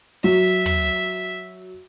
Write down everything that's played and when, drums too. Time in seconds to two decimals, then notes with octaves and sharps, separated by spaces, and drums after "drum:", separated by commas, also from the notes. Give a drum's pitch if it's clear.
0.24 F#3 E5
0.66 drum: tom